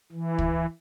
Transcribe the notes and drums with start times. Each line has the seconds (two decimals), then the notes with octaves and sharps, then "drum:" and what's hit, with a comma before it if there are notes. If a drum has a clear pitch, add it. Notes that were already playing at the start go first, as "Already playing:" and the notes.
0.12 E3
0.39 drum: kick